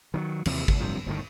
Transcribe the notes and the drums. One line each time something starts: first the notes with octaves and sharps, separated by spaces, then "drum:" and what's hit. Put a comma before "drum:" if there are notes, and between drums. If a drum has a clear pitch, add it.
D#3 E3 F#3
D#2 C3 E3 F3, drum: cymbal
C#2, drum: kick G#1
D1 G2 C3 F3
G1 A2 D#3